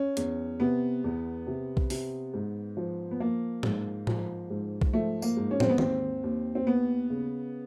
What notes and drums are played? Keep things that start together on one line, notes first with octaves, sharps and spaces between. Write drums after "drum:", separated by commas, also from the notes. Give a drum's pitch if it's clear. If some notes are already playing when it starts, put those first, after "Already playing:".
Already playing: C#4
E2, drum: hi-hat
C3 B3
E2
C3
drum: kick B1
C3, drum: open hi-hat
G#2
F3
B3
F3 A#3
G#2, drum: tom
F3, drum: tom A2
G#2
drum: kick B1
F3 A3
A#3, drum: tambourine
G#2
C#4
C4, drum: tom
B3
D#2 C4, drum: tom D#3
D#2
C4
D#2 B3
C#3